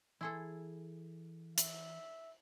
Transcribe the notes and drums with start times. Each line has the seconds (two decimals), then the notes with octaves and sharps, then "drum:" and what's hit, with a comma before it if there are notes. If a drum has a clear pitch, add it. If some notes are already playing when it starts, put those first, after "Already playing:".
0.21 E3 E4 G#4 A4 C6
1.58 E5, drum: hi-hat